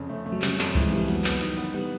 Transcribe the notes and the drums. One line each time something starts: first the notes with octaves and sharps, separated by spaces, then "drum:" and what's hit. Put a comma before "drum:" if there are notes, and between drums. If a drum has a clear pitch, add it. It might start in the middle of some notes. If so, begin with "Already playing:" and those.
Already playing: F2 C#3
A3
A3
F#3
C#3 G3, drum: clap
F2, drum: clap
E3, drum: kick C2
G#3
E3 G3
F#3 B3, drum: open hi-hat
B3, drum: clap
D#3, drum: hi-hat
B3
G3 B3